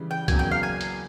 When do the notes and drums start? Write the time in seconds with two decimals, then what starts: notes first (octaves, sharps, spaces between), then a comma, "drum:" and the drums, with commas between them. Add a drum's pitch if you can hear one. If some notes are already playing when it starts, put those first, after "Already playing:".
Already playing: C#3 E3 G3
0.11 G5
0.28 E2 C#3 F#3 A#3 G#5, drum: kick C2, hi-hat
0.39 G5
0.51 F5
0.63 G#5
0.81 drum: hi-hat